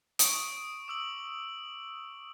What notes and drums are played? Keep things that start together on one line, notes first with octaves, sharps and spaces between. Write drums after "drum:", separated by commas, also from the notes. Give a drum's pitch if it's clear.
C#6 D#6 D7, drum: hi-hat
D6 E6 F#7